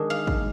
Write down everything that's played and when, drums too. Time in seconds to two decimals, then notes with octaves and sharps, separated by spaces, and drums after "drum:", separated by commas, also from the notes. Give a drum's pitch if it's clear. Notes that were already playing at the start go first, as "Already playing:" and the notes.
Already playing: D#3 G#3 D4
0.10 F5
0.27 drum: kick